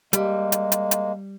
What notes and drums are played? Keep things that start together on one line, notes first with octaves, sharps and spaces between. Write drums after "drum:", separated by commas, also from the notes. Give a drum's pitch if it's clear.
G3 G#3 A#3, drum: hi-hat
drum: hi-hat
drum: hi-hat
drum: hi-hat